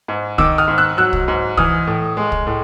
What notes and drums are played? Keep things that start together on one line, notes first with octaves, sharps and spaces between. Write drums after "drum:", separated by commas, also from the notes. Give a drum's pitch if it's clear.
G#2
D#3 D6 E6, drum: kick
D#6 F6
G#2
E6 F#6
F#3 E6 F#6
drum: kick
G#2
E3 D#6 F6, drum: kick
A2
G#3
drum: kick
A2